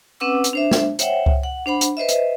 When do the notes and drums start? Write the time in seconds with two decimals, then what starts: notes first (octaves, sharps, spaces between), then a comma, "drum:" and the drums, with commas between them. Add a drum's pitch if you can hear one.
0.20 C4 C#4 B4 F#5 D6 E6
0.44 drum: hi-hat
0.53 D4 C5 E5
0.71 drum: snare
0.99 C5 C#5 E5 F#5 G5, drum: hi-hat
1.26 drum: kick C#2
1.43 F#5
1.66 D4 C5 F#5 B5
1.81 drum: hi-hat
1.97 B4 C5 D#5 E5
2.09 drum: hi-hat